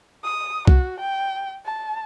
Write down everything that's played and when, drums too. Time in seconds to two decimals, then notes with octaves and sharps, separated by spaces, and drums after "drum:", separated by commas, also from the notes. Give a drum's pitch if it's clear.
0.24 D#6
0.67 F#4, drum: kick
0.99 G5
1.65 A5